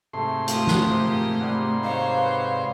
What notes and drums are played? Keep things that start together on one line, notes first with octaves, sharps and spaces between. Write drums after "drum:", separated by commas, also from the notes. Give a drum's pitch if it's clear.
G#2 C3 A3 C6
A3 F4 G4 D#6, drum: hi-hat
drum: snare
A#3 C5
G3 F#5
D#3 C5 C#5 F5
B4 D5